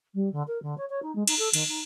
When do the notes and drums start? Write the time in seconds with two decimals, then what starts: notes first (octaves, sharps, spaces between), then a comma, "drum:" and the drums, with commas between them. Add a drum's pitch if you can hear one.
0.14 G3
0.32 D3
0.47 A#4
0.62 D3
0.78 C#5
0.90 C#5
1.02 D#4
1.15 G#3
1.28 D#4, drum: cymbal
1.39 A4
1.53 D#3, drum: cymbal
1.68 D#4